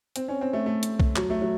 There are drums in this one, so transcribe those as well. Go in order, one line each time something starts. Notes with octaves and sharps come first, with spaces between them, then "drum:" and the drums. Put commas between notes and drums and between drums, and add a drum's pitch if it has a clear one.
C4, drum: hi-hat
C#4
C4
A3
A3
drum: hi-hat
drum: kick B1
F#3, drum: clap
A3
F#3